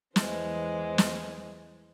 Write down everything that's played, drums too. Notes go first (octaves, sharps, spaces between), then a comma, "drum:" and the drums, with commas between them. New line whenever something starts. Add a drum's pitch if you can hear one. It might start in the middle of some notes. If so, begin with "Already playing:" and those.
E2 E3 G#3 C5, drum: snare
drum: snare